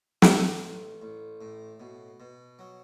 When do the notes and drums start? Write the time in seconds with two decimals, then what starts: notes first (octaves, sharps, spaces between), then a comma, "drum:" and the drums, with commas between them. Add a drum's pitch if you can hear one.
0.22 A2, drum: snare
0.62 A1
1.02 A1
1.41 A2
1.80 B2
2.20 B2
2.59 F#3